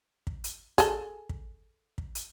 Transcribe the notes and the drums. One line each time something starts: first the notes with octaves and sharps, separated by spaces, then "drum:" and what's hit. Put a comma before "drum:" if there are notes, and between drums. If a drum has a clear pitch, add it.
drum: kick
drum: hi-hat
G#4 A4, drum: kick, hi-hat
drum: kick
drum: kick
drum: hi-hat